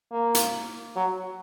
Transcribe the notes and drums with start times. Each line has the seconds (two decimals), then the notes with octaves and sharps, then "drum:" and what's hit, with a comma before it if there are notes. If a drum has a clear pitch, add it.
0.12 A#3
0.35 drum: hi-hat
0.96 F#3